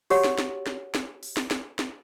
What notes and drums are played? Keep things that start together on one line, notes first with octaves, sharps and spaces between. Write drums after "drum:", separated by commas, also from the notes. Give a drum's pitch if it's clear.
F#4 G4 C#5 F#5, drum: open hi-hat
drum: snare
drum: snare
drum: snare
drum: snare
drum: open hi-hat
drum: snare
drum: snare
drum: snare